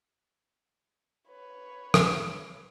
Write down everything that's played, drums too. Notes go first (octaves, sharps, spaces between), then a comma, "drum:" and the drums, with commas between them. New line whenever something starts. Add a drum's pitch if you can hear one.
B4 C#5
drum: rim click